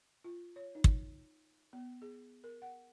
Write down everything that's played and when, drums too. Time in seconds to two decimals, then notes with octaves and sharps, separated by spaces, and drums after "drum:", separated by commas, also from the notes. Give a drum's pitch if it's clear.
0.24 F4
0.56 C#5
0.75 D#4
0.84 drum: kick
1.73 B3
2.02 G#4
2.44 A#4
2.62 F#5